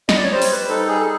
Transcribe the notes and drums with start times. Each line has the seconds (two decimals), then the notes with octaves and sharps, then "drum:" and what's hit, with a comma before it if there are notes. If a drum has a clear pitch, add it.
0.09 D#5, drum: snare
0.17 D5
0.24 C#5
0.32 G3 C5
0.42 drum: open hi-hat
0.52 B4
0.69 D#4 A4
0.88 G#4
1.00 A4